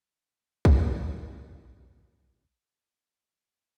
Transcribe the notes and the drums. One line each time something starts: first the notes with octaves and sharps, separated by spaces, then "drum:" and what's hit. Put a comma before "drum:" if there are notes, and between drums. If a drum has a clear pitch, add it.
E3
D3
drum: kick
A2
A2
A#2